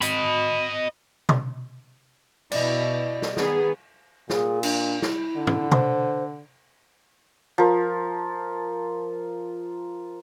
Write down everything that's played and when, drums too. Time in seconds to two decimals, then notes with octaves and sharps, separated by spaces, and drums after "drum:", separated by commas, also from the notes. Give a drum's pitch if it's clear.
0.02 D#5 B5, drum: hi-hat
1.29 drum: tom B2
2.52 B2 E4 D5 D#5, drum: cymbal
3.22 drum: snare
3.37 D#3 B3 G#4, drum: snare
4.30 A#2 G#4, drum: snare
4.63 D4, drum: cymbal
5.02 E4, drum: snare
5.37 D3
5.47 drum: tom
5.72 C5, drum: tom B2
7.58 F3 A#4